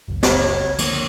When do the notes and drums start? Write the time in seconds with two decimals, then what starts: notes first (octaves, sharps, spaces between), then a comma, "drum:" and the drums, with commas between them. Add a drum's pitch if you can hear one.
0.08 F#1 C#2
0.23 C#5, drum: snare
0.78 D3 F3 A#3, drum: cymbal